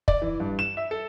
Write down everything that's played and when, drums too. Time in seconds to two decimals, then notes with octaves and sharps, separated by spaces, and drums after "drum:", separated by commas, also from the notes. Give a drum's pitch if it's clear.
0.08 D5, drum: kick
0.22 E3
0.40 G2
0.59 E7
0.77 E5
0.91 A4